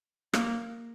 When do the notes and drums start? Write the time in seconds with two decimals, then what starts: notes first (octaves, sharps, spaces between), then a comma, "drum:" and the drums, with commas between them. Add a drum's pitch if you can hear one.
0.33 A#3, drum: rim click